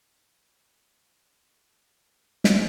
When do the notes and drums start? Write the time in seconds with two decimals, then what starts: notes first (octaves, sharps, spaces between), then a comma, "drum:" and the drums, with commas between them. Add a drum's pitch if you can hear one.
0.54 F5
0.89 F4
1.21 G5
1.92 D#4
2.44 drum: snare